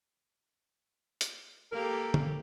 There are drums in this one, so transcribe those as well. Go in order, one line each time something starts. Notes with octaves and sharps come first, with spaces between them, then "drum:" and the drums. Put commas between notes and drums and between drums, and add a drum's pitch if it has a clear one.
drum: hi-hat
A#3 G4 A4 A#4
drum: tom